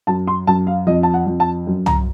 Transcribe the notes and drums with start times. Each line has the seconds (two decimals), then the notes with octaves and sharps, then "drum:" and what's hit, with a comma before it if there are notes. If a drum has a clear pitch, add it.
0.07 F#2 A5
0.27 C6
0.47 F#2 A5
0.67 F5
0.87 F2 D#5
1.03 A5
1.14 F#5
1.27 F2
1.40 A5
1.67 F#2
1.86 A#5, drum: tom